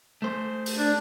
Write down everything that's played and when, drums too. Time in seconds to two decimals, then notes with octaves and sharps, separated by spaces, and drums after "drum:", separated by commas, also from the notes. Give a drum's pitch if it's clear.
0.22 A3 C5
0.66 drum: open hi-hat
0.78 D4